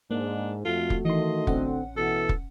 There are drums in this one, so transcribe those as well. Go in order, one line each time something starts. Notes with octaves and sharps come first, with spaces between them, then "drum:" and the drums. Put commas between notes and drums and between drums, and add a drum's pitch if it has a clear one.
G#2 A#3 D4
F2 A3 F4 F#4 A4
drum: kick
D#3 E3 D#5 C6
A1 D3 C4 C#4 F#5, drum: kick
B2 E3 A4
drum: kick